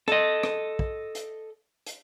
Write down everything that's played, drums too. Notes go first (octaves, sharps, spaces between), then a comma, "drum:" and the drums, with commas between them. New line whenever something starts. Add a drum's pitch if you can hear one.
A4 D#5, drum: rim click
drum: rim click
drum: kick
drum: hi-hat
drum: hi-hat